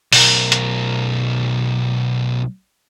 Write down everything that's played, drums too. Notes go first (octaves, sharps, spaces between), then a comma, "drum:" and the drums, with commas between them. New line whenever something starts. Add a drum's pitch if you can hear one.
B1 A#4, drum: open hi-hat
drum: hi-hat